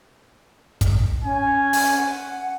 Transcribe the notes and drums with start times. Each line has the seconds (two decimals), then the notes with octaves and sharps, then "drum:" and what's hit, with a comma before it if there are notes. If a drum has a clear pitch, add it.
0.81 drum: kick, hi-hat
1.24 C#4 G#5
1.73 drum: open hi-hat
1.96 F#5